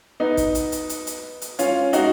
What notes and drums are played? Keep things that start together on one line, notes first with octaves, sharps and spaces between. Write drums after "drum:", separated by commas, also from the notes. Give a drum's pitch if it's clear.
B3 D#4
drum: kick, hi-hat
drum: hi-hat
drum: hi-hat
drum: hi-hat
drum: hi-hat
drum: hi-hat
C#4 F4, drum: hi-hat
D#4 F#4, drum: hi-hat